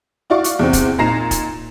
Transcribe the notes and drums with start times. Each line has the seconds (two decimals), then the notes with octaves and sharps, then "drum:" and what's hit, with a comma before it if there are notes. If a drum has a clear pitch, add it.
0.30 E4 F#4 D5 F5 C#6
0.44 drum: hi-hat
0.59 E2 C3 C4
0.73 drum: kick, hi-hat
0.98 A#2 D#4 A#5 A#6 C7 E7
1.31 drum: kick, hi-hat